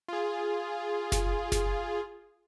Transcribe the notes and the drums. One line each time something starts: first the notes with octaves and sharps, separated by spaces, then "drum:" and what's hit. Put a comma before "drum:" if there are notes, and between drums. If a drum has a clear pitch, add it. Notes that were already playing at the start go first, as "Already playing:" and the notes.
F4 G#4
drum: snare F#1
drum: snare F#1